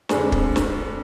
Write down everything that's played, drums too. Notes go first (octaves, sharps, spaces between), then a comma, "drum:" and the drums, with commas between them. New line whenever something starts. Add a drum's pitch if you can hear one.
F2 D3 G#3 D4 G#4, drum: snare
drum: kick
drum: snare